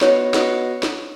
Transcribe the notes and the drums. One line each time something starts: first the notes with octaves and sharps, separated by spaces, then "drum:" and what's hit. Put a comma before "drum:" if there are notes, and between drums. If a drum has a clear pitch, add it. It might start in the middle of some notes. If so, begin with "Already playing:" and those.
B3 F#4 B4 C#5 D#5 F#5, drum: snare
B3 F#4 B4 D#5 F#5, drum: snare
drum: snare